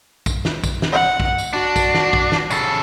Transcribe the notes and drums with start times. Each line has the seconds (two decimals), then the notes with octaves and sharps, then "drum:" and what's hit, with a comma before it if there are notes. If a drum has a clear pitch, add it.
0.26 drum: kick, tambourine
0.45 drum: snare
0.64 drum: kick, tambourine
0.82 drum: snare
0.92 F#5
1.20 drum: kick
1.38 drum: tambourine
1.53 D4 F#4
1.76 drum: kick, tambourine
1.94 drum: snare
2.13 drum: kick
2.32 drum: snare
2.51 C#3 A4, drum: tambourine